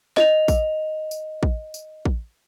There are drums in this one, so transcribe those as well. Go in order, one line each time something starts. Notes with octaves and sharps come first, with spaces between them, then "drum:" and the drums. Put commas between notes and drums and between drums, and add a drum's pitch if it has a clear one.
D#5 F7, drum: snare
drum: kick, tambourine
drum: tambourine
drum: kick
drum: tambourine
drum: kick